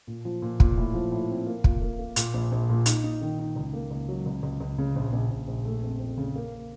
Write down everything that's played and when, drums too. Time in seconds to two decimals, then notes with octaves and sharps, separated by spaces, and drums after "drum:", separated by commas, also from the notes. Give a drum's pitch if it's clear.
0.07 A#2
0.25 F3
0.42 A#2
0.60 A#2, drum: kick
0.77 A2
0.94 F3
1.12 A2
1.30 C4
1.47 A#3
1.64 F4, drum: kick
1.81 A#3
1.99 A#3
2.16 A#2, drum: hi-hat
2.34 A#1
2.52 A#1
2.69 A#2
2.86 D#4, drum: hi-hat
3.04 D#4
3.21 D#3
3.39 D#4
3.56 C#2
3.73 A#3
3.91 C#2
4.08 F#3
4.26 C#2
4.43 C#2
4.60 C#2
4.78 C#3
4.96 A#1
5.13 A#1
5.30 A#1
5.48 A#1
5.65 A3
5.83 F2
6.00 F2
6.18 C#3
6.36 A#3